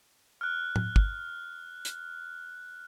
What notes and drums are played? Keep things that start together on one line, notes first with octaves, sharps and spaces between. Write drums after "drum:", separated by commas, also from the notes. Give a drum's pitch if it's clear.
F6 F#6
drum: tom A2
drum: kick
drum: hi-hat